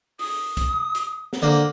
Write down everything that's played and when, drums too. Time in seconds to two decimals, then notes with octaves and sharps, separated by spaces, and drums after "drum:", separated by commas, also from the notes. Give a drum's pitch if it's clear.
0.19 D#6, drum: open hi-hat
0.57 drum: kick, hi-hat
0.95 drum: hi-hat
1.33 drum: snare
1.42 D3 A#3 C5